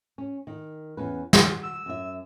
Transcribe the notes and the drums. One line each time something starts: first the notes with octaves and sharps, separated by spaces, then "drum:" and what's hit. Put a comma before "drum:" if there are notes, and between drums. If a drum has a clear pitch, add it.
C#4
D#3
E2 C#4 B4
F#4, drum: snare
E6
F#2 E5